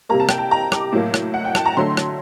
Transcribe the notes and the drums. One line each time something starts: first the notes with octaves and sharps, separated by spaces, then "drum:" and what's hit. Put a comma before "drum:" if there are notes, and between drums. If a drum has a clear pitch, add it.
C3 G3 A#3 A#5
A5
G5, drum: rim click
A5
A#5
D6, drum: rim click
A2 F#3 A#3
drum: rim click
F#5
G5
A5, drum: rim click
A#5
D3 F#3 A3 C6
drum: rim click